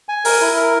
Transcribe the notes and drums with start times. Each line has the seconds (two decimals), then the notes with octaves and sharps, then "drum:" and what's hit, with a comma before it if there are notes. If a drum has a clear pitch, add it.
0.09 G#5
0.25 A#4, drum: open hi-hat
0.41 E4
0.56 A#4